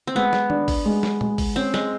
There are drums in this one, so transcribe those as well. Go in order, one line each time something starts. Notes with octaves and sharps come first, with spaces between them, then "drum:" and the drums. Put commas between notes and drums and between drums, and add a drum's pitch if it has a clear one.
C4
G#3 B3
drum: snare
D4, drum: tom D#3
drum: kick, open hi-hat
G#3
drum: snare
G#3, drum: tom
drum: kick, open hi-hat
C4 C#4
G#3, drum: snare